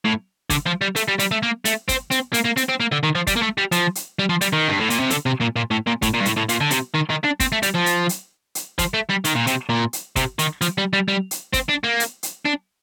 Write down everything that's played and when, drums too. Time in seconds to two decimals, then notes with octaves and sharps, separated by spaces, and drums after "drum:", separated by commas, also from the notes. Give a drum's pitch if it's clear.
0.05 A2
0.50 D3, drum: kick, hi-hat
0.66 F3
0.82 G3
0.96 A3, drum: hi-hat
1.08 G3
1.19 G3, drum: hi-hat
1.31 A3
1.43 A#3
1.65 A3, drum: hi-hat
1.89 C4, drum: kick, hi-hat
2.11 C4, drum: hi-hat
2.34 A#3, drum: hi-hat
2.45 A#3
2.57 C4, drum: hi-hat
2.69 C4
2.80 A#3
2.92 D3
3.03 D#3
3.15 F3
3.27 G3, drum: kick, hi-hat
3.36 A#3
3.42 A3
3.58 G3
3.72 F3, drum: hi-hat
3.95 drum: hi-hat
4.19 G3
4.30 F3
4.41 G3, drum: hi-hat
4.53 D#3
4.68 G2
4.80 A2
4.90 A#2, drum: hi-hat
5.00 C3
5.10 D3, drum: hi-hat
5.26 C3
5.41 A#2
5.56 A#2
5.71 A2
5.87 A#2
6.02 A2, drum: kick, hi-hat
6.14 A#2
6.20 G2
6.25 A2, drum: hi-hat
6.37 A2
6.49 A#2, drum: hi-hat
6.61 D3
6.71 C3, drum: hi-hat
6.95 D#3
7.10 D#3
7.24 D4
7.40 C4, drum: kick, hi-hat
7.52 A3
7.63 G3, drum: hi-hat
7.74 F3
7.86 drum: hi-hat
8.09 drum: hi-hat
8.55 drum: hi-hat
8.79 F3, drum: kick, hi-hat
8.94 A3
9.09 G3
9.24 D#3, drum: hi-hat
9.35 A#2
9.47 C3, drum: hi-hat
9.69 A#2
9.93 drum: hi-hat
10.16 C3, drum: kick, hi-hat
10.39 D#3, drum: hi-hat
10.61 F3, drum: hi-hat
10.78 G3
10.93 G3
11.08 G3
11.31 drum: hi-hat
11.54 C4, drum: kick, hi-hat
11.69 D4
11.84 A#3
12.00 drum: hi-hat
12.23 drum: hi-hat
12.45 D4